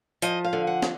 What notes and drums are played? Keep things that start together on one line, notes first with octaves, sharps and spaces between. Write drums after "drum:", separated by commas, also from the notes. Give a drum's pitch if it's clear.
F3 D#5, drum: hi-hat
F5
D3
F#5
drum: snare